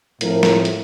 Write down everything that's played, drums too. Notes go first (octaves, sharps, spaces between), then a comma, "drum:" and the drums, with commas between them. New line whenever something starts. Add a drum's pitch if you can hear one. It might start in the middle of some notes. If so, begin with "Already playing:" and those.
A2 F3 C4 A#4, drum: hi-hat
drum: snare
drum: hi-hat